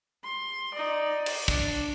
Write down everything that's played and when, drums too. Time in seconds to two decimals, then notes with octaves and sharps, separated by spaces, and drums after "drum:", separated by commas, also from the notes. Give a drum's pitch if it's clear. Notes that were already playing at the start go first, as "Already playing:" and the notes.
0.24 C6
0.74 D#4 D5
1.26 drum: cymbal
1.48 D4, drum: kick